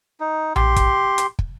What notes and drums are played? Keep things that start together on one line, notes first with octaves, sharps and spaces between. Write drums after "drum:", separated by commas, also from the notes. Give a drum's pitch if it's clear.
D#4
G4 C6, drum: tom A#1
drum: kick, hi-hat
drum: hi-hat
drum: kick